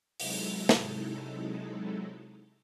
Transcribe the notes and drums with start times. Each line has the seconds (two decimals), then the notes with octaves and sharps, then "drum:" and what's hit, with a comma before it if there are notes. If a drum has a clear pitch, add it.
0.20 C3 F#3 G#3 D#4 E4 A4, drum: open hi-hat
0.69 drum: snare